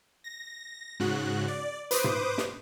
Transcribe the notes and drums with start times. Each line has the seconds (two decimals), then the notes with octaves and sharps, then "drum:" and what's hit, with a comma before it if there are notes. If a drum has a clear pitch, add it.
0.24 A#6
1.00 G#2 C#3 F#4 F#6
1.48 D5
1.91 B4 C5 D6 D#6, drum: hi-hat
2.04 drum: tom
2.38 drum: snare